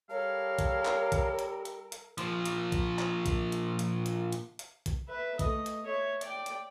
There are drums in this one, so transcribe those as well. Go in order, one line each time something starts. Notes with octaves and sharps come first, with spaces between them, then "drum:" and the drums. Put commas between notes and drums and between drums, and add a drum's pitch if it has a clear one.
G3 A4 A#4 C#5 F5
drum: kick, hi-hat
drum: clap
drum: kick, hi-hat
drum: hi-hat
drum: hi-hat
drum: hi-hat
A#2 F3, drum: hi-hat
drum: hi-hat
drum: kick, hi-hat
drum: clap
drum: kick, hi-hat
drum: hi-hat
drum: hi-hat
drum: hi-hat
drum: hi-hat
drum: hi-hat
drum: kick, hi-hat
B4 E5
A3 D#5, drum: kick, hi-hat
drum: hi-hat
C#5 E5
D5 G5, drum: hi-hat
drum: hi-hat